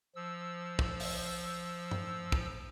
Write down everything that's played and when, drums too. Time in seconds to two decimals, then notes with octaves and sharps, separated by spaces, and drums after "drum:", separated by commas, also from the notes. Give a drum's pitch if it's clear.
0.16 F3 E6
0.79 drum: kick
1.00 drum: open hi-hat
1.91 drum: tom
2.32 drum: kick